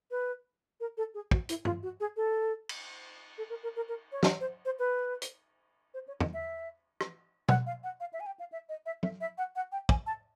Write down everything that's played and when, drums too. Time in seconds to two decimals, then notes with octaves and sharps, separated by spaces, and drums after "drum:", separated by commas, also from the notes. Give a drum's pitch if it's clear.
0.11 B4
0.80 A#4
0.97 A4
1.14 G#4
1.31 F#4, drum: kick
1.49 E4, drum: hi-hat
1.65 F4, drum: tom
1.83 F#4
2.00 G#4
2.16 A4
2.69 drum: cymbal
3.38 A4
3.49 A#4
3.63 A#4
3.76 A#4
3.89 A#4
4.12 C#5
4.23 C5, drum: snare
4.40 C5
4.65 C5
4.79 B4
5.22 drum: hi-hat
5.94 C5
6.08 C#5
6.20 D#5, drum: tom
6.33 E5
7.01 drum: rim click
7.49 F#5, drum: tom
7.66 F5
7.83 F#5
8.00 F5
8.13 E5
8.20 G#5
8.26 G5
8.39 F5
8.52 E5
8.69 D#5
8.86 E5
9.03 E5, drum: tom
9.21 E5
9.38 F#5
9.56 F#5
9.72 G5
9.89 G#5, drum: kick
10.06 A5